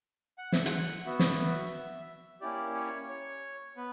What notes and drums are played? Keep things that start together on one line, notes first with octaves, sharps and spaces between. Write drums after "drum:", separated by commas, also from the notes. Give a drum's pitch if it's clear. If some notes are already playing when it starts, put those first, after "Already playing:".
F#5
E5, drum: snare
F#5, drum: hi-hat
B3 F#4 E5
drum: snare
A#3 C#4 E4 G4 D5
C#5
C#5
B3 B4